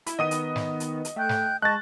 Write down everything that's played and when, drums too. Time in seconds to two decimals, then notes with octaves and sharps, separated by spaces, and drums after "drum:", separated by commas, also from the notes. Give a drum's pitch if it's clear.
0.06 E4, drum: hi-hat
0.19 D#3 B3 D#5 D#6 D#7
0.31 drum: hi-hat
0.56 drum: snare
0.80 drum: hi-hat
1.05 drum: hi-hat
1.16 A3 G5 F#6 G6
1.29 drum: snare
1.62 G#3 D#5 A5 C#6 F#6 A6